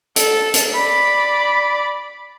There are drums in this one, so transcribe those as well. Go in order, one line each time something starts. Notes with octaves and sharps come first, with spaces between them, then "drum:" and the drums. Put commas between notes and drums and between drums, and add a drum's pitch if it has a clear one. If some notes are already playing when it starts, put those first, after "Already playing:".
A4, drum: hi-hat
drum: hi-hat
D5 B5